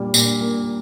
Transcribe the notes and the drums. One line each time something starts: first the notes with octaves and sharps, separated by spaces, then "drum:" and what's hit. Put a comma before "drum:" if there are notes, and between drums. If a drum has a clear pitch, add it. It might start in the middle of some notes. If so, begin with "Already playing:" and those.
Already playing: A#2 G3
A#2, drum: tambourine
A#3